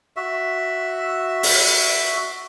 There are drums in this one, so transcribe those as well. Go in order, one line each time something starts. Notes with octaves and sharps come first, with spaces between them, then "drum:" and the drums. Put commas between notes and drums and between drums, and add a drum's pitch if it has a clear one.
F#4 E5
drum: open hi-hat